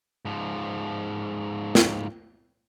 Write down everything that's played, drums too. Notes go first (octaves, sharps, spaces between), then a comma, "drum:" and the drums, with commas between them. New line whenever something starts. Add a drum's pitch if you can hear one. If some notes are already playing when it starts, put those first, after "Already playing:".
G#2 F3
drum: snare